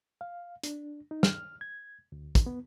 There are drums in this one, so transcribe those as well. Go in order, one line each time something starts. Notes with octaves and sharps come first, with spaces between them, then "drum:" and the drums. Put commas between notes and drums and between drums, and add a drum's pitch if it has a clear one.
F5
D4, drum: hi-hat
D#4
F6, drum: snare
G#6
D2
drum: kick, hi-hat
B3